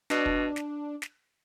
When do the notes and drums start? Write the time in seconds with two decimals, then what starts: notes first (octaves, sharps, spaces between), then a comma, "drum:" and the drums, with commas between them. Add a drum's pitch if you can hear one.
0.10 B2 D4, drum: snare
0.26 drum: kick
0.56 drum: snare
1.02 drum: snare